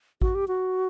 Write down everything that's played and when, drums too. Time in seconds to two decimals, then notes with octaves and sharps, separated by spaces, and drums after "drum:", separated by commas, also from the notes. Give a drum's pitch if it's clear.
0.21 F#4, drum: kick A1
0.35 G4
0.48 F#4